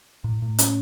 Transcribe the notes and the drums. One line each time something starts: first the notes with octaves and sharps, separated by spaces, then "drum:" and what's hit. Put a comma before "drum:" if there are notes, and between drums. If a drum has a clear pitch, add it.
A2
A2
C#4, drum: hi-hat